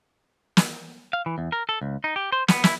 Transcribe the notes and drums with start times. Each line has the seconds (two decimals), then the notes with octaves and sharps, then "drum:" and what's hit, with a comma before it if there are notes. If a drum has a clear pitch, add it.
0.57 drum: snare
1.13 F5
1.26 E3
1.38 E2
1.52 A#4
1.69 A4
1.81 C#2
2.04 D#4
2.16 G4
2.32 C5
2.48 B3, drum: snare
2.64 E4, drum: snare